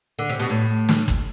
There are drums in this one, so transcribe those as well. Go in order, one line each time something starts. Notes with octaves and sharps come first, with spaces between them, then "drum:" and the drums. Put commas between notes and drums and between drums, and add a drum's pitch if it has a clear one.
D3
C3
B2
A2
drum: snare
drum: kick